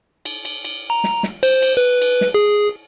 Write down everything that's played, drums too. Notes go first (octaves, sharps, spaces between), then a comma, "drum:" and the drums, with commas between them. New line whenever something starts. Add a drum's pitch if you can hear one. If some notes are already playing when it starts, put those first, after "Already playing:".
drum: cymbal
drum: cymbal
drum: cymbal
A#5
drum: snare
drum: snare
C5, drum: cymbal
drum: cymbal
B4
drum: cymbal
drum: snare
G#4